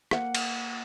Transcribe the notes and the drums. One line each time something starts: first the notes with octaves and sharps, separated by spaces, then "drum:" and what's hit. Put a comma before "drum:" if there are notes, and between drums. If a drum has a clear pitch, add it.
A#3 F#5, drum: rim click
drum: cymbal